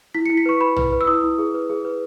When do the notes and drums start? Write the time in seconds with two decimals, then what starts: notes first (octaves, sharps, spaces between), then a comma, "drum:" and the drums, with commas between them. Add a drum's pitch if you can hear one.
0.15 E4 B6
0.26 C#7
0.30 E4
0.37 B6
0.46 B4 C#6
0.61 B4 B5
0.76 B4, drum: tom
0.92 B4
1.01 E6
1.07 E4 D#6
1.23 E4
1.38 G#4
1.54 B4
1.70 G#4
1.85 B4